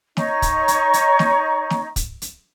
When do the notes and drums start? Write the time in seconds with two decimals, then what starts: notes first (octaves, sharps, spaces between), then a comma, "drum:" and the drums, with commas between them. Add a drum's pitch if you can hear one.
0.17 D#4 C#5 A#5 C#6, drum: snare
0.42 drum: kick, hi-hat
0.68 drum: hi-hat
0.94 drum: hi-hat
1.19 drum: snare
1.70 drum: snare
1.96 drum: kick, hi-hat
2.22 drum: hi-hat